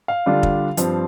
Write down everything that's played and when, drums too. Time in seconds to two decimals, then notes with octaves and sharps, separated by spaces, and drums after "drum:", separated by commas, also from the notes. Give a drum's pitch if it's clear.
0.08 F5
0.26 D3 G3 D4 F4
0.43 drum: kick
0.77 G2 F3 C4, drum: hi-hat